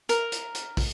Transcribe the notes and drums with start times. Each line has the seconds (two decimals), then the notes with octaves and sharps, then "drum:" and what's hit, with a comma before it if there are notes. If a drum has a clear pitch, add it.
0.09 A#4, drum: hi-hat
0.32 drum: hi-hat
0.55 drum: hi-hat
0.77 drum: kick, open hi-hat